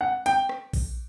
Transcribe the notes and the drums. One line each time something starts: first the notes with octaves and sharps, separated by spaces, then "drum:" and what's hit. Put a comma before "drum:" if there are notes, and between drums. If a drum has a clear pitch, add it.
F#5
G5, drum: hi-hat
drum: rim click
drum: kick A#1, open hi-hat